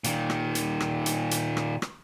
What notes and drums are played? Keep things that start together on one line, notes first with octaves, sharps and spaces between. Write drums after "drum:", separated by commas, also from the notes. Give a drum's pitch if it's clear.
A#2 D#3, drum: hi-hat
drum: rim click
drum: hi-hat
drum: rim click
drum: hi-hat
drum: hi-hat
drum: rim click
drum: rim click